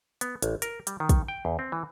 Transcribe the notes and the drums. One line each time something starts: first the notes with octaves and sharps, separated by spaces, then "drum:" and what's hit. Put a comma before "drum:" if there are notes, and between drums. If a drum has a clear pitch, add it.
B3, drum: hi-hat
A1, drum: hi-hat
A#4, drum: hi-hat
G3, drum: hi-hat
D#3
drum: kick, hi-hat
G5
E2
C4
E3